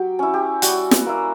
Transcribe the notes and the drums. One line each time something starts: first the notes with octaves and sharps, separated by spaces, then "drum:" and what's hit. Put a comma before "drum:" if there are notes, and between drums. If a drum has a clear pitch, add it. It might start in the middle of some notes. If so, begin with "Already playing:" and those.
Already playing: F#3 G4
C#4 E4
G4
G3 F#4, drum: hi-hat
drum: snare
A#3 E4